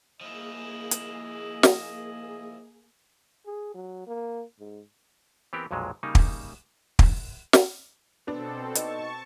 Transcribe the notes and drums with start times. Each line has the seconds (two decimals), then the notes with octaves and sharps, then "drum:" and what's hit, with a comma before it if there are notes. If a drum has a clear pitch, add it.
0.21 F3 A#3 E4 G#4 D#5
0.91 drum: hi-hat
1.63 drum: snare
3.46 G#4
3.75 F#3
4.07 A#3
4.60 G#2
5.53 E3 B3 C4 G4 A#4
5.71 B1 F2 A#2 F#3 G#3
6.03 C#3 G3 A#3 D#4
6.15 drum: kick
6.99 drum: kick
7.53 drum: snare
8.27 B2 B3 C4 D4 A4
8.75 D#4 A5 C#6, drum: hi-hat